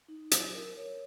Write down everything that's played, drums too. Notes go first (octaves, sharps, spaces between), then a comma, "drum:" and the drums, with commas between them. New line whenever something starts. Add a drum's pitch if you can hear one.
D#4
F#3, drum: hi-hat
A#4
C#5